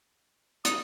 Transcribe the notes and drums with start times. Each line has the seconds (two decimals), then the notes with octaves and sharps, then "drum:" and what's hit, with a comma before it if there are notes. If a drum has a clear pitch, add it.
0.65 D#6, drum: hi-hat